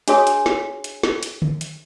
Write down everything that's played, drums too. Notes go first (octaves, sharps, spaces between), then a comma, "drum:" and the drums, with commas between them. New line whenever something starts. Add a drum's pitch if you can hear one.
D4 F#4 G#4 C#5 G#5 D#6, drum: hi-hat
drum: hi-hat
drum: snare
drum: hi-hat
drum: snare
drum: hi-hat
drum: tom
drum: hi-hat